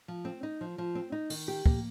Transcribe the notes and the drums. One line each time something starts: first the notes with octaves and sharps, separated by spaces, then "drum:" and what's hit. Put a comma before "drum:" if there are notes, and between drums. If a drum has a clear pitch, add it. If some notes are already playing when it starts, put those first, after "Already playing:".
F3
C4
D#4
F3
F3
C4
D#4
D#3, drum: open hi-hat
G4
A#3, drum: kick